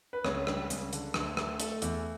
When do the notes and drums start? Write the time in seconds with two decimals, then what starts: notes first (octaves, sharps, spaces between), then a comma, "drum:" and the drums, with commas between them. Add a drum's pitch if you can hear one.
0.13 B4
0.25 C#2 C#5, drum: rim click
0.47 G3, drum: rim click
0.70 C#2, drum: hi-hat
0.93 D3, drum: hi-hat
1.14 D2, drum: rim click
1.37 A3, drum: rim click
1.60 A3 A4, drum: hi-hat
1.82 E2, drum: hi-hat